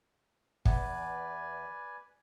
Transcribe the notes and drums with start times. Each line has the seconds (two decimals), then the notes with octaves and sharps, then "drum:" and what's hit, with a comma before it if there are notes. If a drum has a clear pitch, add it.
0.65 E2 B4 D5 G#5, drum: kick